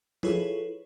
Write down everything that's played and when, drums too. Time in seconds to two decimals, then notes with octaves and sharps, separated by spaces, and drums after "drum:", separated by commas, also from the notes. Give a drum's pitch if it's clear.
0.23 E4 F4 G#4 A4 B4 C#5, drum: tom F3